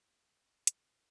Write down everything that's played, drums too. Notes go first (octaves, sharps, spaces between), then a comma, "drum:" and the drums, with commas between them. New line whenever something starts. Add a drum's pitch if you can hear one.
C#3
D3
C#3
A#2
A2, drum: hi-hat
A2